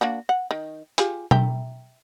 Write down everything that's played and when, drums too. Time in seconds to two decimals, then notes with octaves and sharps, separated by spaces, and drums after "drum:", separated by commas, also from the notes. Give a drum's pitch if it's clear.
0.01 A#3 D4 F#4
0.29 F#5
0.51 D#3
0.98 F4 G4 G#4, drum: hi-hat
1.31 E5 G5 A#5, drum: tom B2